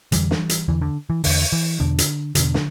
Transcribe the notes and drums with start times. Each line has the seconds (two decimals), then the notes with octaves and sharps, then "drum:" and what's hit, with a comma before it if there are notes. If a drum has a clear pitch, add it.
0.12 F2 D3 E3 G3, drum: hi-hat
0.31 drum: snare
0.49 drum: hi-hat
0.68 E2 D3 E3
0.81 D3
1.10 E3
1.24 E2 D3, drum: open hi-hat
1.52 E3
1.80 E2 B2 D3
1.98 drum: hi-hat
2.35 E2 B2 D3, drum: hi-hat
2.54 drum: snare